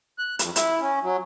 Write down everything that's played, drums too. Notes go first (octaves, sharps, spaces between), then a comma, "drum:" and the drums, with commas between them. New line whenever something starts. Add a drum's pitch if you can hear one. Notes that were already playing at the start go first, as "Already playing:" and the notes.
F#6
F2, drum: hi-hat
E4, drum: hi-hat
C#4
F#3